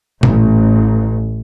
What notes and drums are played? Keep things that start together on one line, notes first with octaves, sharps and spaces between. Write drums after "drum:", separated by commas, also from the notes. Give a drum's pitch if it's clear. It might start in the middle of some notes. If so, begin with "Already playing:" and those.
A1, drum: tom